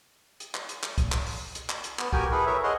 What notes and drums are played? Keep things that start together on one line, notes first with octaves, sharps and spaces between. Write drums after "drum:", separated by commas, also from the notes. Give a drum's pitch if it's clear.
drum: hi-hat
drum: clap
drum: hi-hat
drum: clap
drum: kick, hi-hat
drum: clap
drum: open hi-hat
drum: hi-hat
drum: clap
drum: hi-hat
B3, drum: clap
F#4 G4 A#4 G5 G#5, drum: kick
E4 G#4 A4 B4
A#4 B4 C#5 E5
G#4 C5 C#5 D#5 F#5 C6